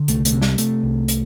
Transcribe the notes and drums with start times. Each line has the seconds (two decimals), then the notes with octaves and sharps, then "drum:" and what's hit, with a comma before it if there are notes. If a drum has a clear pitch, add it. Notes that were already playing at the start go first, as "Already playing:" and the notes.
Already playing: D3
0.08 C2 A3, drum: hi-hat
0.25 A3, drum: hi-hat
0.33 C3
0.42 G3, drum: snare
0.58 C3 A3, drum: hi-hat
0.83 C2
1.08 drum: hi-hat